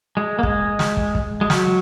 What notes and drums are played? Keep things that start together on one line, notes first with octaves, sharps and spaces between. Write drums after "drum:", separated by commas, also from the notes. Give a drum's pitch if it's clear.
G#3
A#3
G#3, drum: kick
drum: snare
drum: kick
drum: kick
G#3
F#3, drum: snare